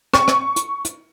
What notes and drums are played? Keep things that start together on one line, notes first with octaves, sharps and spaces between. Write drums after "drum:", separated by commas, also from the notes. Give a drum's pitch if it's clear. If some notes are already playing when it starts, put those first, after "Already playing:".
C#6, drum: rim click
drum: rim click
drum: hi-hat
drum: hi-hat